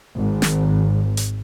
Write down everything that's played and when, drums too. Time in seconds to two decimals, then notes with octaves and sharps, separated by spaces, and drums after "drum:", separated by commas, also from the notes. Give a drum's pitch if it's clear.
0.17 G#1
0.42 drum: snare
1.17 drum: hi-hat